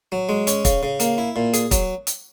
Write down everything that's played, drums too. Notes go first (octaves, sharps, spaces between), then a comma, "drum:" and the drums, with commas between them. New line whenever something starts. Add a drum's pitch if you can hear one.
F#3
G#3
C#4, drum: hi-hat
C#3, drum: kick, hi-hat
C#3
A#3, drum: hi-hat
E4
A#2
G#4, drum: hi-hat
F#3, drum: kick, hi-hat
drum: hi-hat